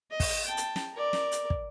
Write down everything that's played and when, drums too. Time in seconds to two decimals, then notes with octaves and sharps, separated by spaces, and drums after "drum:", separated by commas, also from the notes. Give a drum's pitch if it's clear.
0.11 D#5
0.20 drum: kick, open hi-hat
0.46 G5 A5
0.57 drum: hi-hat
0.76 drum: snare
0.94 A#4 D5
1.13 drum: snare
1.32 drum: hi-hat
1.50 drum: kick